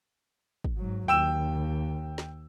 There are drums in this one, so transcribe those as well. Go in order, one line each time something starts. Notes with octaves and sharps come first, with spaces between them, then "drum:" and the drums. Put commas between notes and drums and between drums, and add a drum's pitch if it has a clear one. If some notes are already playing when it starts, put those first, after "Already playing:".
drum: kick
G#2 F#3
D#2 G5 E6 E7
drum: snare